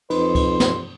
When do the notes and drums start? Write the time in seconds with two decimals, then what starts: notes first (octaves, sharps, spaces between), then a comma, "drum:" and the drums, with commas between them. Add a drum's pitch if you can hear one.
0.10 F2 D#4 B4 C5, drum: cymbal
0.35 drum: kick C#2, cymbal
0.60 drum: snare